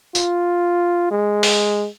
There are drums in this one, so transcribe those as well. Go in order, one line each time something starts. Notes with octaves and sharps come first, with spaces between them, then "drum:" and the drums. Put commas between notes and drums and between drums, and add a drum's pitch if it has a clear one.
F4, drum: tambourine
G#3
drum: open hi-hat